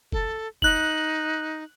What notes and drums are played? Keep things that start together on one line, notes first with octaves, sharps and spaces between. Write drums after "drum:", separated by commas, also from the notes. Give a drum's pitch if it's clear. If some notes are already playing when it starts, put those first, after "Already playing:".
A4, drum: kick
D#4 F#6 F#7, drum: kick